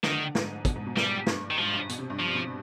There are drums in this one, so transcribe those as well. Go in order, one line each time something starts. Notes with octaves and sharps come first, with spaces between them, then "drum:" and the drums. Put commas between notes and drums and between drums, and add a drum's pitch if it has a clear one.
D3 D#3, drum: snare
D3
G#2, drum: snare
B2, drum: kick, hi-hat
G#2
B2
G#2 G3, drum: snare
G2, drum: snare
D#3
G#2 F3
G2
B2, drum: hi-hat
C3
G2
F3
B2